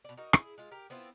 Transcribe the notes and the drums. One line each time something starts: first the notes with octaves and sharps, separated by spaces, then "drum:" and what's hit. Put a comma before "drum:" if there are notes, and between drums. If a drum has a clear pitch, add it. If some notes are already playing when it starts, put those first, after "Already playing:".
B2 D5
D#4 F#4 A#4
E4 G#4, drum: rim click
G#3 F4
G4 A#4
B3 C4 E4 F4